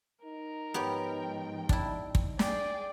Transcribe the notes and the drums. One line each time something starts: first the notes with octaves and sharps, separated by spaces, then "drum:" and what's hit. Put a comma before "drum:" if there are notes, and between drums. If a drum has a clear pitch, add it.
D#4 A#4
G#2 F3 B3 G4 C#5 G5
D4 E4, drum: kick
drum: kick
G#4 D5 G5, drum: snare